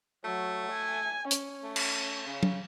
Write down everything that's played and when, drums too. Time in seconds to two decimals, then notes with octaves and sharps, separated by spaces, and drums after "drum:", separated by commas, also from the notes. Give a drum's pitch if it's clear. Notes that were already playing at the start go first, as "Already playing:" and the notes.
0.25 F#3 A3
0.71 G#5
1.31 C#4, drum: hi-hat
1.64 A3
1.76 drum: cymbal
2.27 C#3
2.43 drum: tom